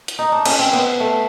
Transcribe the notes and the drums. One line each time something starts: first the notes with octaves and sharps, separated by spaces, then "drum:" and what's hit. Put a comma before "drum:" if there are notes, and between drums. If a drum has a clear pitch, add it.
drum: hi-hat
D#4
D4
C#4, drum: cymbal
C4
B3
A3